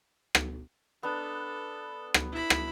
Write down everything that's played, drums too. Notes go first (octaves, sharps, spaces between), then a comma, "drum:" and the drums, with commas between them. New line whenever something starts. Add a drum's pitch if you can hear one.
drum: rim click
B3 D4 A4
drum: rim click
E4 B5
drum: rim click